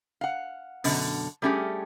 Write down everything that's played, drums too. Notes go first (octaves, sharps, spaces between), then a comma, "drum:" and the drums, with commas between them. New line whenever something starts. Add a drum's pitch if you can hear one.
F5 F#5
F#2 B2 D3, drum: open hi-hat
G3 A3 C#4 F4 G4 G#4